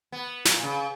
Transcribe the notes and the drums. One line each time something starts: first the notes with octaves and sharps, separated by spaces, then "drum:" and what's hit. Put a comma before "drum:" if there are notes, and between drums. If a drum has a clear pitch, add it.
B3
A#2, drum: snare
C#3